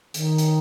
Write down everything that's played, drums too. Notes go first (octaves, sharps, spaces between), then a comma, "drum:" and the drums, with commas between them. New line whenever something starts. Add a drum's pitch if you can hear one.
D#3, drum: hi-hat
drum: hi-hat